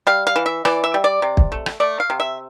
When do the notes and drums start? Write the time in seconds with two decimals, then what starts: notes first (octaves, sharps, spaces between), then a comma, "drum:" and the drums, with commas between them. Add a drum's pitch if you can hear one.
0.07 G3 F5
0.27 F5
0.36 E3
0.46 E5
0.65 E3 D5, drum: rim click
0.84 E5
0.94 G3
1.04 D5
1.22 C3
1.37 drum: kick
1.52 A3
1.66 drum: rim click
1.80 A3 D5
2.00 F5
2.10 C3
2.20 E5